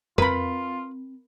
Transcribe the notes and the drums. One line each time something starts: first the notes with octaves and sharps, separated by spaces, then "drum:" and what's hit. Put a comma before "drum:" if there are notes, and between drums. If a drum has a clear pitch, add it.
C4 F4 A#4 B4 B5, drum: tom F2